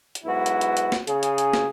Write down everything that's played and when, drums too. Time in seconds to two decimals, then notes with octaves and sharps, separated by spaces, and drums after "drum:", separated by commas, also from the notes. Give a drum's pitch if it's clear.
0.15 drum: hi-hat
0.25 B1 G#2 E4 F#4 B4
0.46 drum: hi-hat
0.61 drum: hi-hat
0.77 drum: hi-hat
0.92 drum: snare
1.07 C#3 G#4, drum: hi-hat
1.23 drum: hi-hat
1.38 drum: hi-hat
1.53 drum: snare